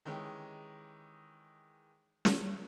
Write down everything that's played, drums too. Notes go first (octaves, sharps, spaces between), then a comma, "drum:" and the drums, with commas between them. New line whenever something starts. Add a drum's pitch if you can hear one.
D#3 E3 G#3 C#4 G4
drum: snare